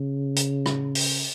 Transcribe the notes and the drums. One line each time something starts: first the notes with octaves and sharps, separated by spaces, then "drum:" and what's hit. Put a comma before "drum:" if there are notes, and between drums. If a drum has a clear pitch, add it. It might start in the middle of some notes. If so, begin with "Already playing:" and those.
Already playing: C#3
drum: hi-hat
drum: rim click
drum: open hi-hat